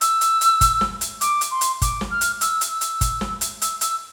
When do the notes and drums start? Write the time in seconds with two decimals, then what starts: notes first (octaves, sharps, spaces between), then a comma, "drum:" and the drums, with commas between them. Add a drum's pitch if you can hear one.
0.01 E6, drum: hi-hat
0.21 drum: hi-hat
0.41 drum: hi-hat
0.61 drum: kick, hi-hat
0.81 drum: snare
1.01 drum: hi-hat
1.21 D6, drum: hi-hat
1.41 drum: hi-hat
1.51 C6
1.61 drum: hi-hat
1.82 D6, drum: kick, hi-hat
2.01 drum: snare
2.11 F6
2.21 drum: hi-hat
2.41 E6, drum: hi-hat
2.61 drum: hi-hat
2.70 E6
2.81 drum: hi-hat
3.01 drum: kick, hi-hat
3.21 drum: snare
3.41 drum: hi-hat
3.62 E6, drum: hi-hat
3.81 E6, drum: hi-hat